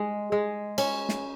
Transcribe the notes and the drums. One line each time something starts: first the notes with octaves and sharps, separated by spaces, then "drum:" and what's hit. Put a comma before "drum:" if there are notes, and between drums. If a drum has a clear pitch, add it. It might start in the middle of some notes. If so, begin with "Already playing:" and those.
Already playing: G#3
G#3
C#4, drum: cymbal
drum: snare